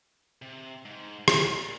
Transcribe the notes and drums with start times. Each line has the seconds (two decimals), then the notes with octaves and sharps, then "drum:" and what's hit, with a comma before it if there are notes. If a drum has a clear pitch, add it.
0.42 C3
0.85 G#2
1.28 C3, drum: rim click
1.38 A#2
1.48 G#2
1.59 A#2